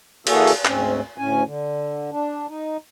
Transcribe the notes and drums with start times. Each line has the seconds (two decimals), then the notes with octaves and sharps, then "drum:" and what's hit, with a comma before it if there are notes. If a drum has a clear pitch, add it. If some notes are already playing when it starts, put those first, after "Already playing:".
0.27 E3 A#3 F#4 G#4 A4, drum: cymbal
0.47 drum: open hi-hat
0.65 D2 G#2 C4 C#4, drum: clap
1.18 D2 A2 C#4 G#5
1.43 D3
2.11 D4
2.48 D#4